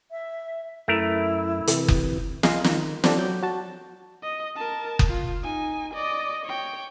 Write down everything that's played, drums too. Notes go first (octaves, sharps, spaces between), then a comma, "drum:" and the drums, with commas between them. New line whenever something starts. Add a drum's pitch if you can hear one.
E5
F#2 A3 E4 A#4
C3 E3, drum: hi-hat
drum: kick F#1
G#4 D#5 F5 C6 G#6, drum: snare
D#3, drum: snare
C4 D4 G4 A4 D5, drum: snare
F#3 D6 G6
F#4 A5
D#5
A#4 A5
drum: kick F#1
F4
D#4 G#5
D5 D#5
C#5 G5